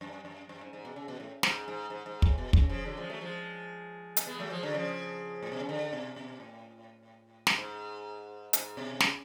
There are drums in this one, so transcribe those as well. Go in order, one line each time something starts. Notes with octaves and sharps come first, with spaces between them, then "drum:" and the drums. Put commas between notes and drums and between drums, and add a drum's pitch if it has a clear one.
F#2
F#2
F#2
G#2
G#2
B2
C#3
B2
A2
G#2, drum: snare
G#2
G#2
G#2
A2, drum: kick
B2
C#3, drum: kick
C#3 F3
D3 F#3
F3 G#3
F#3 A3
F3 G#3
drum: hi-hat
G#3 B3
F#3 A3
F3 G#3
D3 F#3
C#3 F3
A2
B2
C#3
D3
B2
B2
A2
drum: snare
G#2
G#2, drum: hi-hat
B2
C#3, drum: snare